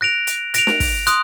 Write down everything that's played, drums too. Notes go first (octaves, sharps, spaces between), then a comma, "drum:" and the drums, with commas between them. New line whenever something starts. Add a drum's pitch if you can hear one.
F#6 A#6 D7 F7
drum: hi-hat
F#6 A#6 D7 F7, drum: hi-hat
drum: snare
drum: kick, open hi-hat
C6 D#6 F#6, drum: hi-hat